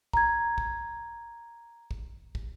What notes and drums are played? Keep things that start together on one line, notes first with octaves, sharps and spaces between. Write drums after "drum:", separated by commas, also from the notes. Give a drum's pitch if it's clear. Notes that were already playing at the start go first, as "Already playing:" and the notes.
A#5 G#6, drum: kick
drum: kick
drum: kick
drum: kick